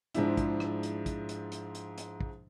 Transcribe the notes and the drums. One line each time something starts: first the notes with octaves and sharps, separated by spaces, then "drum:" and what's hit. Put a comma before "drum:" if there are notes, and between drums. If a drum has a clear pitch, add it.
G#2 F3 G#3 D4 E4, drum: hi-hat
drum: kick, hi-hat
drum: rim click
drum: hi-hat
drum: kick, hi-hat
drum: hi-hat
drum: hi-hat
drum: hi-hat
drum: hi-hat
drum: kick